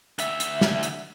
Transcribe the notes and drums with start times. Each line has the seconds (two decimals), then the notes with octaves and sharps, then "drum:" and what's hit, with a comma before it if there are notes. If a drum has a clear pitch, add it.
0.19 D2 E5, drum: hi-hat
0.40 drum: hi-hat
0.61 drum: snare
0.83 drum: hi-hat